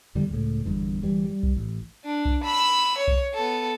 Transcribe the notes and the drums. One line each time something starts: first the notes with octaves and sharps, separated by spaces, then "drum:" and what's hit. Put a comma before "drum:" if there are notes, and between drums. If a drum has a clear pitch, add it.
E2 D3 D#3 G3
C#2 A2
G1 E2 G2
G1 E3 G3
G3
drum: kick B1
A1
D4
drum: kick B1
B5 E6
C#5
drum: kick B1
B3 A4